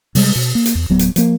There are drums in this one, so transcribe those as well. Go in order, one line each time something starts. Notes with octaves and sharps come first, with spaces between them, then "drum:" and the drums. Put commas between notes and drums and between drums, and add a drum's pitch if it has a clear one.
C3 G3 G#3, drum: open hi-hat
B2
A#3
drum: hi-hat
E2
D1 F#3 B3
drum: hi-hat
F3 A#3, drum: hi-hat